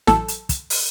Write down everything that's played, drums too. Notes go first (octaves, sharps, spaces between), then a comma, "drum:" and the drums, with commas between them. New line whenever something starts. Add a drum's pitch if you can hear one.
A1 F#3 A4, drum: snare
drum: hi-hat
drum: kick, hi-hat
drum: open hi-hat